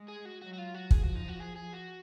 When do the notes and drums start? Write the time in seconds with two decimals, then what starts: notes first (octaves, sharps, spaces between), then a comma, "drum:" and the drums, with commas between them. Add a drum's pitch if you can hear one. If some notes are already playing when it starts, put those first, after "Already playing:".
Already playing: G#3
0.08 G#4
0.25 F#4
0.42 F#3 F#4
0.53 F#4
0.58 F4
0.74 F#4
0.91 F3 G#4, drum: kick
1.03 F#4
1.15 D#4
1.28 F#4
1.40 G#4
1.56 G#4
1.73 F#4